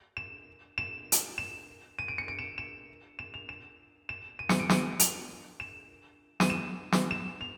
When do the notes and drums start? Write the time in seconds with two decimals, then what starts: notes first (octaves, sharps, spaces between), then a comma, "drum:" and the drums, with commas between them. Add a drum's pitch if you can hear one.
0.17 E7
0.78 E7
1.12 drum: hi-hat
1.38 E7
1.99 D#7
2.08 D7
2.18 C#7
2.28 D7
2.39 E7
2.58 E7
3.19 E7
3.34 F7
3.49 E7
4.09 E7
4.39 D#7
4.49 C#7, drum: snare
4.60 D7
4.70 D#7, drum: snare
5.00 F7, drum: hi-hat
5.60 E7
6.40 D#7, drum: snare
6.50 E7
6.92 drum: snare
7.11 E7
7.41 F7